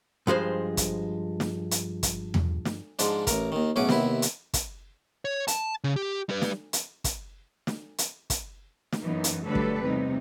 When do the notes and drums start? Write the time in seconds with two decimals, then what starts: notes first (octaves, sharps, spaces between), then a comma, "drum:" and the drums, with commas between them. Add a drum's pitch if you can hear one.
0.27 G2 F3 G#3 C5
0.77 drum: kick, hi-hat
1.40 drum: snare
1.71 drum: hi-hat
2.03 drum: kick, hi-hat
2.34 drum: tom E2
2.65 drum: snare
2.99 G#2 F3 G#3 D4, drum: hi-hat
3.27 A1 A#4, drum: kick, hi-hat
3.52 D#2 D#3
3.76 B1 A2 C#4 G#4 F#5 D6
3.89 D#2 C3 B3 E4, drum: snare
4.22 drum: hi-hat
4.54 drum: kick, hi-hat
5.25 C#5
5.48 A5, drum: hi-hat
5.84 C#3
5.96 G4
6.29 G3 B4
6.42 drum: snare
6.73 drum: hi-hat
7.04 drum: kick, hi-hat
7.67 drum: snare
7.98 drum: hi-hat
8.30 drum: kick, hi-hat
8.92 drum: snare
9.02 F#2 E3 A#3 B3 D#4
9.24 drum: hi-hat
9.45 D3 F#3 G3 A3 A4 B4
9.55 drum: kick
9.83 E2 C3 A3 D#4